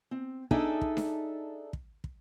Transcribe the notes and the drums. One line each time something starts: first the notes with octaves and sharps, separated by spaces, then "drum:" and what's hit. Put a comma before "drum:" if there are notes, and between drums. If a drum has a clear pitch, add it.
C4
D4 D#4 G#4 A4 D5 E5, drum: kick
drum: kick
drum: snare D4
drum: kick
drum: kick